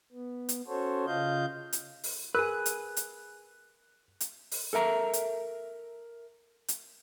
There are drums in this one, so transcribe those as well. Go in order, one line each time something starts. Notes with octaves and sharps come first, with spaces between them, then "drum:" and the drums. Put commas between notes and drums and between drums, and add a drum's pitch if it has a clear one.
B3
drum: hi-hat
C#4 F#4 A4 C5 C#5
C#3 F4 D#5 F5 G6
drum: hi-hat
drum: open hi-hat
G#4 A#4 B4 F#6
drum: hi-hat
drum: hi-hat
drum: hi-hat
drum: open hi-hat
A4 A#4 E5 A#5
drum: hi-hat
drum: hi-hat